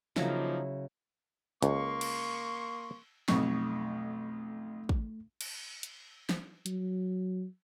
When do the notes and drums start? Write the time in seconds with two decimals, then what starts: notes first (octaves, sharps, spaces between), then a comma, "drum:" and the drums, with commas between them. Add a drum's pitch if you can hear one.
0.17 C#3 F3 F#3 A#3 D#4 E4, drum: snare
1.63 C#2 A#3 C6 C#6, drum: hi-hat
2.01 drum: cymbal
3.28 B1 F2 A3 C#6, drum: snare
4.89 drum: kick
5.41 drum: cymbal
5.83 drum: hi-hat
6.29 drum: snare
6.66 F#3, drum: hi-hat